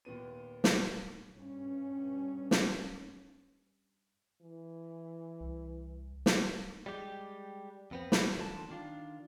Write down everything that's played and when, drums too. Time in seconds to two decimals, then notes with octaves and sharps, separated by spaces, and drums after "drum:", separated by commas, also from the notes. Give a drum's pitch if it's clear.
0.05 D#2 A#2 B3 D#7
0.64 drum: snare
1.36 G2 C#4
2.51 drum: snare
4.42 E3
5.41 C2
6.26 drum: snare
6.86 G3 G#3 G4
7.91 F2 B3 C4
8.12 B5, drum: snare
8.37 E2 D3 F4 A5
8.70 D#3 D4 F4